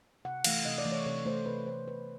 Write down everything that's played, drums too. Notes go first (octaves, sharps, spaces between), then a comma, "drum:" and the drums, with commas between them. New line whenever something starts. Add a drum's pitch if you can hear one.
C3 F#5
E3 A3 F5, drum: cymbal
C3 D#5
D5
E3 A3
C#5
C3 C#5
E3 A3 C5
C3 B4
E3 A3 C5
C3 B4